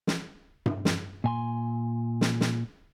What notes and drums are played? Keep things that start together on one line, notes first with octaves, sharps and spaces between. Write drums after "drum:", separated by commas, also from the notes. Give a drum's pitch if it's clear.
drum: snare
drum: tom G2
drum: snare
A#2 G#5 C6
drum: snare
drum: snare